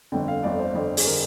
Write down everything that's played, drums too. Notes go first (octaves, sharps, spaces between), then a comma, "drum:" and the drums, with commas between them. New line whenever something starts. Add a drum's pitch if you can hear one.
G1 F2 D3 G5
F5
G1 F2 D3 D5
C5
G1 F2 D3
G#4, drum: open hi-hat
D3 A#4